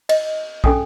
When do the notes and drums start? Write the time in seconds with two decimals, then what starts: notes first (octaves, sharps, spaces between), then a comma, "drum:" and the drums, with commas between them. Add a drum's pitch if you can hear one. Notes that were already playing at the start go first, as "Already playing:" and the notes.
0.09 D#5, drum: cymbal
0.64 C#4 G#4 A4 G5 G#5 D#6, drum: kick